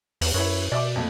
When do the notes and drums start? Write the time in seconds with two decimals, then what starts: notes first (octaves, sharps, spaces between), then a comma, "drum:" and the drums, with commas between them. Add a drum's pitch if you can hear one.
0.21 E2, drum: open hi-hat
0.34 F#2 E4 B4 C#5
0.72 B2 D5 E5 D6
0.96 F2 A#2 A3